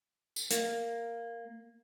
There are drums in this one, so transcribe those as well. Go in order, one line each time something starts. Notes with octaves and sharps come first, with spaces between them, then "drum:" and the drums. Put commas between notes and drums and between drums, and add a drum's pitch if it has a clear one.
drum: tambourine
A#3, drum: hi-hat